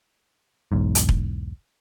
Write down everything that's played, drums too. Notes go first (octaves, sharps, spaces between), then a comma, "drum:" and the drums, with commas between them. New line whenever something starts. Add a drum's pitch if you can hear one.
B1 E2 G#2
drum: hi-hat
drum: kick E1